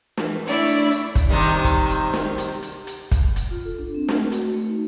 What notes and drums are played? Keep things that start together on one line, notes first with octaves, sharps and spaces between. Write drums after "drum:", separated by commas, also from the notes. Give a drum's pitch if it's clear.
E3, drum: snare
A3 D4 E4 C#5 D5
drum: hi-hat
drum: hi-hat
drum: kick, hi-hat
C3 D#3 G3
drum: hi-hat
drum: kick, hi-hat
drum: hi-hat
drum: snare
drum: hi-hat
drum: hi-hat
drum: hi-hat
drum: kick, hi-hat
drum: hi-hat
F4
A4
D4
C4
A3, drum: snare
F#4, drum: hi-hat
A3
D#4